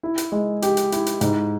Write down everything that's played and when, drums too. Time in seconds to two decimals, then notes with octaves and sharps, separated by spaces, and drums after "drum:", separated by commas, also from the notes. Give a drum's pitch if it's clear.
0.03 E4
0.18 drum: hi-hat
0.32 G#3
0.62 G4, drum: hi-hat
0.77 drum: hi-hat
0.92 E4, drum: hi-hat
1.06 drum: hi-hat
1.21 G#2, drum: hi-hat